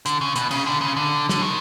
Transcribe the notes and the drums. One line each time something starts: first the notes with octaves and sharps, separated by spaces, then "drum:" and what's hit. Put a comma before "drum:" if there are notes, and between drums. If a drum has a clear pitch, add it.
D3, drum: hi-hat
C#3
B2, drum: hi-hat
C#3, drum: cymbal
D3
C#3
D3
D3, drum: snare
D#3